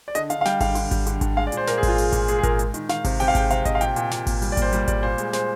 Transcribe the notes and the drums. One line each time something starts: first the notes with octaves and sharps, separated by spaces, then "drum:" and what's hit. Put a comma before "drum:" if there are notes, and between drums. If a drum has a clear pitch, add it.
D5
D3 D#5, drum: hi-hat
D3 F5, drum: hi-hat
F5
G3 G5, drum: snare
D3 F5, drum: kick G#1, open hi-hat
D3, drum: open hi-hat
G3, drum: kick G#1, hi-hat
D3, drum: hi-hat
D3, drum: kick G#1, hi-hat
G#3 F5
D5
A#2, drum: hi-hat
C5
A#2 A#4, drum: snare
G#4
G#3 F4, drum: kick G#1, open hi-hat
G#3, drum: open hi-hat
A#2, drum: kick G#1, hi-hat
G#3 G#4, drum: hi-hat
G#4
A#2 A#4, drum: kick G#1, hi-hat
G#3, drum: hi-hat
D#3, drum: hi-hat
D#3 F5, drum: snare
C3, drum: kick G#1, open hi-hat
C3 G5, drum: open hi-hat
F5
G#3 G5, drum: kick G#1, hi-hat
C3 F5, drum: hi-hat
C3 D#5, drum: kick G#1, hi-hat
F5
A#2 G5, drum: hi-hat
A#2, drum: hi-hat
A#2, drum: snare
A#3, drum: kick G#1, open hi-hat
G3, drum: open hi-hat
D5
A#3 C5, drum: kick G#1, hi-hat
G3, drum: hi-hat
G3 D5, drum: kick G#1, hi-hat
A#2 C5
G#3, drum: hi-hat
G#3 C5, drum: snare